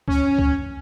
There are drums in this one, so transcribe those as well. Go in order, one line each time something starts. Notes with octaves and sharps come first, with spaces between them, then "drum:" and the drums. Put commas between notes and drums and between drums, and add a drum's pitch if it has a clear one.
C#4, drum: kick C#2
drum: kick C#2